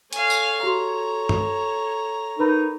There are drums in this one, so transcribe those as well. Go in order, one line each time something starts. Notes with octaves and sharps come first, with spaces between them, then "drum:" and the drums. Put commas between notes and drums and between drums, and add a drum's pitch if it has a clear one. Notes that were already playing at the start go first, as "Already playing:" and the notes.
A4 C#5 F5 G#5, drum: hi-hat
drum: tambourine
F#4 G4 A#5 C6
drum: tom G2
D#4 A#4 B4 B5